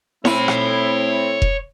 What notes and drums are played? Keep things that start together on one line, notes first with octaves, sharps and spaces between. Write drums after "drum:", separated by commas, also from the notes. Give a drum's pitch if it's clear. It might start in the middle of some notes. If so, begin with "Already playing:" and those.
A3 C4 E4 C#5 B5, drum: snare E4
drum: rim click
drum: kick F1